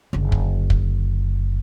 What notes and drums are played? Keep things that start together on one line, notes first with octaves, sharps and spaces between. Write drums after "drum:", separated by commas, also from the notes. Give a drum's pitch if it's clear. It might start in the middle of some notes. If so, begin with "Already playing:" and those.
F#1 D3
drum: kick
drum: kick